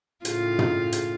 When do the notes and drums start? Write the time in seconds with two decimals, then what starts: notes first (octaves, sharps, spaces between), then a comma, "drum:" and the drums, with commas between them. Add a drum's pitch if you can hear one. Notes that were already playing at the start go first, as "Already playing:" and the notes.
0.25 A2 C#3 F4, drum: hi-hat
0.59 drum: tom
0.92 drum: hi-hat